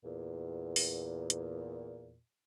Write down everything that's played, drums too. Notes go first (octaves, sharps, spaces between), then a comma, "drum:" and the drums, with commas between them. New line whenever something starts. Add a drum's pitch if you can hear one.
E2 A#2
drum: open hi-hat
drum: hi-hat